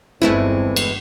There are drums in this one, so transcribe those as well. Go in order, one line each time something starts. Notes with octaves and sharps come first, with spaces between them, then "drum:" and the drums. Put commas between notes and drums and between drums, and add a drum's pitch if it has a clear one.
G1 E2 E3 G#3 A3 C4 E4
drum: cymbal